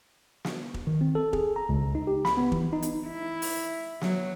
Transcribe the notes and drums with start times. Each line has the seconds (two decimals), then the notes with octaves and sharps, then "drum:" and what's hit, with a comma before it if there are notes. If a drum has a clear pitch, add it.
0.45 drum: snare
0.74 drum: kick
0.87 D#3
1.01 C4
1.15 A4
1.33 G#4, drum: kick
1.56 A#5
1.69 C#2
1.95 D#4
2.07 G4
2.25 B5, drum: snare
2.37 B3
2.52 E3, drum: kick
2.73 D#4
2.82 drum: hi-hat
3.08 E4
3.42 drum: open hi-hat
4.01 F#3, drum: snare